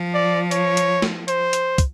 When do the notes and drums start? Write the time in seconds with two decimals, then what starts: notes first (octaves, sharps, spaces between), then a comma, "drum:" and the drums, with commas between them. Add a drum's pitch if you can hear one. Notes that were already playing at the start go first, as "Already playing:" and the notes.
Already playing: F3
0.14 D5
0.51 C#5, drum: hi-hat
0.77 drum: hi-hat
1.02 drum: snare
1.28 C5, drum: hi-hat
1.53 drum: hi-hat
1.78 drum: kick, hi-hat